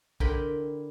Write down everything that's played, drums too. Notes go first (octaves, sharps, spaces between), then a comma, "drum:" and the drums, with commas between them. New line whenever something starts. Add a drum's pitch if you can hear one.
D3 E4 A#4 C5 G5 B5, drum: kick